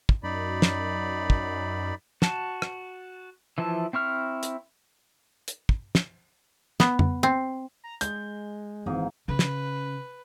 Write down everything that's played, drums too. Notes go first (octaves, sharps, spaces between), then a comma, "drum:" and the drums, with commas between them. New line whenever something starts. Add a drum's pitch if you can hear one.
drum: kick
F#2 D#4 D5 B5
drum: snare
drum: kick
F#4 A5, drum: snare
drum: rim click
E3 F3 E4 A5
C4 E4 C#6 F6
drum: hi-hat
drum: hi-hat
drum: kick
drum: snare
B3, drum: snare
drum: tom F2
C4
A#5
G#3 G6, drum: hi-hat
G#1 G#2 E3 A#3
C#3 B4
drum: snare